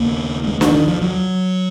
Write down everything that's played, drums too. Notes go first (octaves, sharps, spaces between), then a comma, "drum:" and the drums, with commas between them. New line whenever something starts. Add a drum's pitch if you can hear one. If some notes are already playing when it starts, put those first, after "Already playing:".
Already playing: D#2 C#3 A#3
G#3
D#3, drum: snare
D#3
F3
F#3